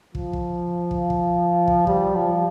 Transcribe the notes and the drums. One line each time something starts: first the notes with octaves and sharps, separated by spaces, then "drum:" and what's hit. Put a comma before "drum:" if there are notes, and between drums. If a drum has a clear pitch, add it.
F3, drum: kick
drum: kick
drum: kick
drum: kick
drum: kick
G3, drum: kick
F3